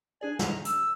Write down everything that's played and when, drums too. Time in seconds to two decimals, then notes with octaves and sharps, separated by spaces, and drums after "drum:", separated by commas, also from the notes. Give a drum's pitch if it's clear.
0.21 D4 G#4 D5 G#5
0.39 A#5, drum: snare
0.65 E6, drum: hi-hat